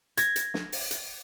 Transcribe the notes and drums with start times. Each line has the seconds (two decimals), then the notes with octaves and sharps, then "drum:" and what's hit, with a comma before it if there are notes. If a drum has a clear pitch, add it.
0.17 G#6 A#6, drum: hi-hat
0.36 drum: hi-hat
0.54 drum: snare
0.72 drum: open hi-hat
0.91 drum: hi-hat